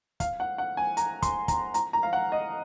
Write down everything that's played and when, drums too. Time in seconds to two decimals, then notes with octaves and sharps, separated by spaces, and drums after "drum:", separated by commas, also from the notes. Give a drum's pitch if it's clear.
0.20 F5, drum: kick, hi-hat
0.40 F#5
0.58 F#5
0.77 G#5
0.97 A#5, drum: hi-hat
1.22 C6, drum: kick, hi-hat
1.48 A#5, drum: kick, hi-hat
1.74 A#5, drum: hi-hat
1.93 A#5
2.03 F5
2.13 F#5
2.32 D#5